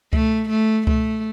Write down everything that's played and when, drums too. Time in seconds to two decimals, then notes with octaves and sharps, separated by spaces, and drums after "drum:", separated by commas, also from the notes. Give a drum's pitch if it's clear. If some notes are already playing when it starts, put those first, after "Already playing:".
0.13 A3, drum: kick C#2
0.50 A3
0.87 A3, drum: kick C#2